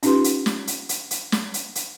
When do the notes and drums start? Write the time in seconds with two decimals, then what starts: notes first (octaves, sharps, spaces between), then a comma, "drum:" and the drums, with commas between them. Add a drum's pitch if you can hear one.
0.03 C#4 D#4 F4 G4 B4 C6, drum: hi-hat
0.24 drum: hi-hat
0.46 drum: snare
0.67 drum: hi-hat
0.89 drum: hi-hat
1.11 drum: hi-hat
1.32 drum: snare
1.54 drum: hi-hat
1.75 drum: hi-hat